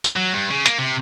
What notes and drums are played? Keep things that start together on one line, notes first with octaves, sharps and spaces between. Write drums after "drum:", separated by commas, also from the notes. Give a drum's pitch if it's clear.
drum: tambourine
F#3
G2
C#3
A#3, drum: hi-hat
C3